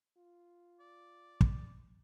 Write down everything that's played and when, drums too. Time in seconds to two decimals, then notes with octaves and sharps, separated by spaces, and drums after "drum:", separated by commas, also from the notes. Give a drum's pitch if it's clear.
0.17 F4
0.80 D5
1.41 drum: kick